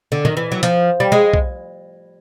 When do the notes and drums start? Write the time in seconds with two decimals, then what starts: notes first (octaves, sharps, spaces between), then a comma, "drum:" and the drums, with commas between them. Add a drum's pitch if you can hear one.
0.12 D3
0.25 D#3, drum: tom A#2
0.37 E3
0.52 F#3
0.63 F3, drum: hi-hat
1.00 G3
1.12 G#3
1.34 drum: kick B1